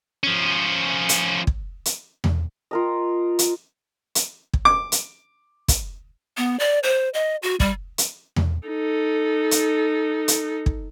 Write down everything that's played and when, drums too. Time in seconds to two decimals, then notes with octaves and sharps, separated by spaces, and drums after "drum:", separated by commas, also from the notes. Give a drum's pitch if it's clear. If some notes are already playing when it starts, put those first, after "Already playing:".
0.24 F3 C#4
1.09 drum: hi-hat
1.47 drum: kick
1.85 drum: hi-hat
2.24 drum: tom E2
2.71 F4 A#4 D#5
3.39 drum: hi-hat
4.15 drum: hi-hat
4.54 drum: kick
4.65 D6
4.92 drum: hi-hat
5.68 drum: kick, hi-hat
6.37 B3
6.59 D5
6.83 C5
7.14 D#5
7.43 F#4
7.60 G3, drum: kick
7.98 drum: hi-hat
8.36 drum: tom E2
8.68 D#4 A4
9.51 drum: hi-hat
10.28 drum: hi-hat
10.66 drum: kick